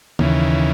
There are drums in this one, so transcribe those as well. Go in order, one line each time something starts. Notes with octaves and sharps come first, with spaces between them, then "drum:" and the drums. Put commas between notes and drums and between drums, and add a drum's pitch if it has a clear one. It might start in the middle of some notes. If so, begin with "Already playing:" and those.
D#2 C#3 E3, drum: tom